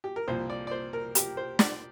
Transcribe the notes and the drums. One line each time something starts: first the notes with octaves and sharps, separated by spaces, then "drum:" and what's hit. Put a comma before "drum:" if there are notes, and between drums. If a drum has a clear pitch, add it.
G4
A#4
C2 A#2 F3 A#3 C5
D5
D5
C5
A#4
G4, drum: hi-hat
C5
D5, drum: snare